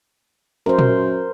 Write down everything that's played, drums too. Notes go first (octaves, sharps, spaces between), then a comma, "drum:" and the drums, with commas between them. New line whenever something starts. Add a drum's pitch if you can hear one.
F#2 A#4 C5
drum: tom A#2